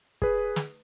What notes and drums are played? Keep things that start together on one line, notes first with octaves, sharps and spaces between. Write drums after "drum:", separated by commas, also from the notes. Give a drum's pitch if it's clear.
G#4 B4, drum: kick
drum: snare